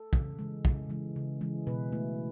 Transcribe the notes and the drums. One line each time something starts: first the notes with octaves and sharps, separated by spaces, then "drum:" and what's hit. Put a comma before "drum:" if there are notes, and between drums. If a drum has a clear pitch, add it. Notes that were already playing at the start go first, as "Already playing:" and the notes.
Already playing: A4
C#3, drum: kick
E3 G#3
C#3, drum: kick
E3 G#3
C#3
E3 G#3
B2 B4
A3 E4